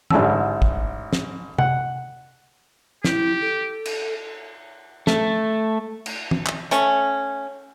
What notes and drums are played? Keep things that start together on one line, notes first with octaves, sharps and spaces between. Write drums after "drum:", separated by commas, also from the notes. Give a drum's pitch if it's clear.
A1 G#2 D3 A5 E6, drum: tom
drum: kick
drum: snare
F#5, drum: tom C3
E4 G4, drum: snare
A4
drum: cymbal
A3, drum: snare
drum: cymbal
drum: tom
drum: clap
A3 C#4, drum: hi-hat